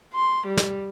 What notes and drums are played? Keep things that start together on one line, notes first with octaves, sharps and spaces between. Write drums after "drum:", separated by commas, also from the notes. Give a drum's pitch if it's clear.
C6
G3
drum: snare